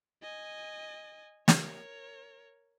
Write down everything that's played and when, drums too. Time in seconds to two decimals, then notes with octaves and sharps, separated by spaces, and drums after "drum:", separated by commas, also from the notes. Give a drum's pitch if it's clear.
0.22 D#5 G#5
1.48 A#4 C#5, drum: snare